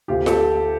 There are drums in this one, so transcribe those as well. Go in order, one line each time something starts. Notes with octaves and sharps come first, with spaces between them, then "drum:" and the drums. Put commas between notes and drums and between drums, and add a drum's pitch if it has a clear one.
D2 F4 G4
G4 A4, drum: snare F4